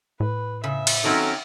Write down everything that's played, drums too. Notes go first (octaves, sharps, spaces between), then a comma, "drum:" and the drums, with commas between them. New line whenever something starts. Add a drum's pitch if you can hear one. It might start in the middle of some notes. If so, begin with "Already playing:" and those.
A2 B4
C#3 E5
drum: cymbal
D#3 F#3 C4 C#4 A4 A#4